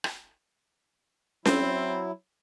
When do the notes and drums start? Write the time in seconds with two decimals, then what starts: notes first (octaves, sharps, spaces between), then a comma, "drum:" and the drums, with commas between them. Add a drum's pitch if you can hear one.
0.04 drum: rim click
1.45 F#3 C4 E4, drum: snare C#4